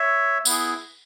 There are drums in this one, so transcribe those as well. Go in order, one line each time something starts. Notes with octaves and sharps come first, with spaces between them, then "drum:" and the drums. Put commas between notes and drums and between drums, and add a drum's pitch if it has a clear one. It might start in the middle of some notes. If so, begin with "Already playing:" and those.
Already playing: C#5 E5
B3 E4 G#4, drum: tambourine